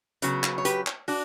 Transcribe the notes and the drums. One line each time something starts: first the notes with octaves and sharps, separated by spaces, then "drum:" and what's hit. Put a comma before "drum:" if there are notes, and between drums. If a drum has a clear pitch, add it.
C#3 F#3 B3, drum: hi-hat
drum: clap
C#5
G4 B4, drum: hi-hat
drum: clap
D4 F#4, drum: open hi-hat